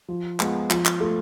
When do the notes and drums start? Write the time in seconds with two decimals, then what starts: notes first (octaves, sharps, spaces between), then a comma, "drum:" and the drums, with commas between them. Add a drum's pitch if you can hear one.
0.08 F3
0.40 G#3 B3 F4, drum: clap
0.70 F3, drum: clap
0.85 drum: clap
1.00 A3 F4